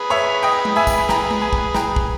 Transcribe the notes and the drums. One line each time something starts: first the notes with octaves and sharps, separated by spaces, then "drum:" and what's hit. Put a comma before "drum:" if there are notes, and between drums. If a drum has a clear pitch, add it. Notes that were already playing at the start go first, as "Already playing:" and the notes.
Already playing: G#4 B4
C#5 E5
D#5 G5
drum: tom G#3
E5 G#5
drum: kick, tambourine
G5 A#5, drum: snare
drum: tom G#3
G#5 B5
drum: kick
G5 A#5, drum: snare
drum: kick